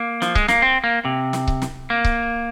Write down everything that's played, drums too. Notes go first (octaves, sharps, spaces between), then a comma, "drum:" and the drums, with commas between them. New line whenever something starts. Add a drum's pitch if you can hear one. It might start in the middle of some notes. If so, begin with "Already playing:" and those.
Already playing: A#3
F3, drum: snare
G#3, drum: kick C#1
A#3, drum: snare
C4
A#3
C3
drum: snare
drum: kick C#1
drum: snare
A#3
drum: kick C#1